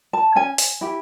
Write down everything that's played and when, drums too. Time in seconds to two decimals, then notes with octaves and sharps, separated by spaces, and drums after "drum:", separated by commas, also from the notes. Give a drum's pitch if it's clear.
0.13 A5
0.35 C#4 G#5
0.58 drum: open hi-hat
0.81 E4 G4